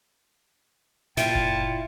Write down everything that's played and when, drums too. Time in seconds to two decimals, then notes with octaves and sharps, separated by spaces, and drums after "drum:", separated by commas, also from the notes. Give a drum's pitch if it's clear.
1.17 A#2 E4 F4 G5 A5, drum: snare
1.35 drum: kick F#1